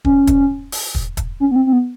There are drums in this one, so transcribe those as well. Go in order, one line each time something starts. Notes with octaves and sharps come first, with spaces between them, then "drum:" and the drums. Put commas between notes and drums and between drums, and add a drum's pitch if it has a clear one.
C#4, drum: kick
drum: kick, hi-hat
drum: open hi-hat
drum: kick
drum: kick, hi-hat
C#4
B3
C4
C4
B3